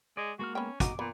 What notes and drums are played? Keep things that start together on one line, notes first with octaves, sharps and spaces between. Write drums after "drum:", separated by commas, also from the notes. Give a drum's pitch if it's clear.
G#3 D5
G#3 A#3 F#4 F6
B3 C#4 G5
D#4 F#4 D6, drum: kick, hi-hat
A#2 B3